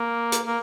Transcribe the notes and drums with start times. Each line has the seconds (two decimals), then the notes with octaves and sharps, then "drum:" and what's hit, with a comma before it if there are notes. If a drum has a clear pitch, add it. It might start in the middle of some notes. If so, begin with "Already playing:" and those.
Already playing: A#3
0.32 drum: hi-hat
0.47 A#3